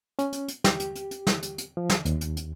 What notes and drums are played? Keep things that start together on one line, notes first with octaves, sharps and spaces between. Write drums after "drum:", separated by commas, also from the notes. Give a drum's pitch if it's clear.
C#4, drum: hi-hat
drum: hi-hat
drum: hi-hat
G4, drum: snare
drum: hi-hat
drum: hi-hat
drum: hi-hat
drum: snare
drum: hi-hat
drum: hi-hat
F3
drum: snare
D#2, drum: hi-hat
drum: hi-hat
drum: hi-hat